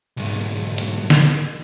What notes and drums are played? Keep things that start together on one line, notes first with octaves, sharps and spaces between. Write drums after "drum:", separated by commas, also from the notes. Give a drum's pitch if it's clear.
B1 G#2
drum: hi-hat
drum: snare